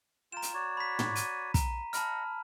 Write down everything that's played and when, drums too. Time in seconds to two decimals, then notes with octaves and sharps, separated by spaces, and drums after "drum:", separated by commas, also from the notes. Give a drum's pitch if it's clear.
0.32 F4 G5 A#5 E7
0.42 drum: hi-hat
0.54 F#4 C#5 D5
0.77 B5 B6
0.99 drum: tom
1.16 D#7, drum: hi-hat
1.54 A#5, drum: kick, hi-hat
1.93 D#5 F#5 A5 B5 F6, drum: hi-hat